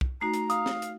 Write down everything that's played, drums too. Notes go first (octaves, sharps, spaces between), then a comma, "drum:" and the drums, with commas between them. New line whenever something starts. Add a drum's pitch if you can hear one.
drum: kick
A3 D#4 F#4 A#5 C7
drum: hi-hat
F5 D#6, drum: hi-hat
drum: snare
drum: hi-hat